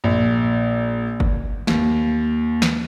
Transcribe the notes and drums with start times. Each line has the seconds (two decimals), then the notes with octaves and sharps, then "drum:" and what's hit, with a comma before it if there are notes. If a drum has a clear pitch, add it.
0.04 A#1
1.20 drum: kick G1
1.67 D#2, drum: snare
2.62 drum: snare